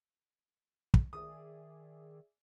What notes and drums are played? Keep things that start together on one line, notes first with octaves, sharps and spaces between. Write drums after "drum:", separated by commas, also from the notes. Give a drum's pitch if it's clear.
drum: kick
D#3 G#4 D5 E5 D#6